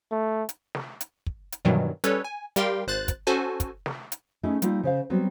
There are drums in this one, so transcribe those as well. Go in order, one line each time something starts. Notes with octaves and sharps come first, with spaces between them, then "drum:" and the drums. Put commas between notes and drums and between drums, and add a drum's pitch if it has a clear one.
A3
drum: hi-hat
drum: snare
drum: hi-hat
drum: kick
drum: hi-hat
G2 B2 D#3 E3 F#3 G3
G3 C#4 A4 B4 C#5, drum: hi-hat
G#5
G3 G4 A#4 F5 G5 C6, drum: hi-hat
G#1 C5 F#6 A6
drum: kick, hi-hat
C#4 F#4 A4 C5 G#5 A5
drum: kick, hi-hat
drum: snare
drum: hi-hat
A3 C#4 D#4 E4 G#4 A4
G3 A#3 D#4 F4 A4, drum: hi-hat
C#3 C5 F5
F#3 G3 B3 C4 F#4